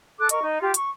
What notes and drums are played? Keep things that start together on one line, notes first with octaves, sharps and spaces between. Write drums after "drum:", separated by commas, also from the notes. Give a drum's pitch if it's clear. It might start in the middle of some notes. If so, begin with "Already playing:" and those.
A4 D6 F#6
A#4 D#5 C#6, drum: hi-hat
D#4
F4 G4
C#6, drum: hi-hat